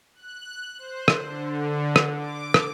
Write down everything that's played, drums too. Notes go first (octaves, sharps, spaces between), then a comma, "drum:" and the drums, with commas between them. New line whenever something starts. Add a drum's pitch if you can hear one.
F#6
C5
drum: rim click
D3
drum: rim click
D6
drum: rim click